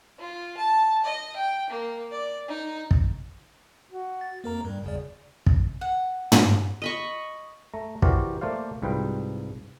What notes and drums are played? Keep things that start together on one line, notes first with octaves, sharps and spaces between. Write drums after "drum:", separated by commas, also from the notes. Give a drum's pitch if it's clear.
F4
A5
D#5
G5
A#3
D5
D#4
drum: kick
F#4
A6
F2 A#3 A#4 A#5
G2 G3
G1 E2 C#3 D5
drum: kick
F#5
drum: tom
D#5 B5 C#6
A3 A#5
E3 F#4 G4 A#4 C5 D5, drum: kick
A3 A#3 C5 D5 F5
C2 G#2 G3 F4 B4 G5